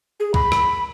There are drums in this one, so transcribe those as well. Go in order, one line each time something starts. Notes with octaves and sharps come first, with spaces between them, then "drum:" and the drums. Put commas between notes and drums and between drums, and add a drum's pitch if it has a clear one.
G#4
B5, drum: kick C2
drum: rim click